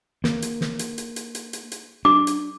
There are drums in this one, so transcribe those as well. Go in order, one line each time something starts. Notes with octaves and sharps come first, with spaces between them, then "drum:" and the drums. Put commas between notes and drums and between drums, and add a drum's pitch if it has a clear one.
A#3, drum: snare
drum: hi-hat
drum: snare
drum: hi-hat
drum: hi-hat
drum: hi-hat
drum: hi-hat
drum: hi-hat
drum: hi-hat
D4 D6
drum: hi-hat